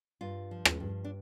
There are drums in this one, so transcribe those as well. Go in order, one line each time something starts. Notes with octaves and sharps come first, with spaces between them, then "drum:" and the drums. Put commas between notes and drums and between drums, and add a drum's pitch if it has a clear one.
G2 F4
F3
drum: rim click
G2
D4